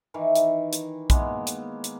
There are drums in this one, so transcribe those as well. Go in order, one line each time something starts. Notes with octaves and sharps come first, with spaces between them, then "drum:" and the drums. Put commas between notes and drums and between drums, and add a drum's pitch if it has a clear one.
D#3 E3
drum: hi-hat
drum: hi-hat
G#3 A#3 B3, drum: kick, hi-hat
drum: hi-hat
drum: hi-hat